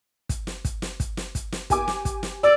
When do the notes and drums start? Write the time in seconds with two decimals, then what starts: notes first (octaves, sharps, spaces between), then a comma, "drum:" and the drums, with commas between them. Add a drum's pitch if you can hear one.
0.29 drum: kick, hi-hat
0.47 drum: snare
0.65 drum: kick, hi-hat
0.82 drum: snare
1.00 drum: kick, hi-hat
1.17 drum: snare
1.35 drum: kick, hi-hat
1.52 drum: snare
1.70 G4 G#5 D6, drum: kick, hi-hat
1.88 drum: snare
2.05 drum: kick, hi-hat
2.23 drum: snare
2.43 D5 E6